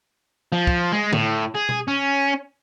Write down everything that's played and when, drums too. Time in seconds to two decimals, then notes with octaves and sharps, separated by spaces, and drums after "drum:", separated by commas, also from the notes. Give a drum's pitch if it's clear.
0.52 F3
0.67 drum: kick
0.92 G#3
1.13 A2, drum: tom D3
1.55 G#4
1.69 drum: tom B2
1.88 C#4